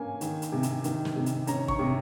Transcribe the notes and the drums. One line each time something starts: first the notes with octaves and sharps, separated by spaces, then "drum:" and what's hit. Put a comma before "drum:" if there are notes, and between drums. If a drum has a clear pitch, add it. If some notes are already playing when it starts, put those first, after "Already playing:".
Already playing: A#3 C#4 G#5
D#3, drum: hi-hat
drum: hi-hat
C3
drum: hi-hat
D#3, drum: hi-hat
drum: snare
C3
drum: hi-hat
C#4 A#5, drum: hi-hat
C#6, drum: kick
C3